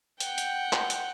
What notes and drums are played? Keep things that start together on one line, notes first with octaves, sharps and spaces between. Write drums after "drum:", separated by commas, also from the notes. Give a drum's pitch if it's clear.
F#5 G5, drum: hi-hat
drum: hi-hat
drum: clap
drum: hi-hat